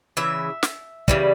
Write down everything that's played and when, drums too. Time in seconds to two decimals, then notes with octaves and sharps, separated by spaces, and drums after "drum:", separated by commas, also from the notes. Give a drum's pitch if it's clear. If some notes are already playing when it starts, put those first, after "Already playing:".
0.17 C#3 E3 E5
0.63 drum: snare
1.08 C#3 E3 G3, drum: kick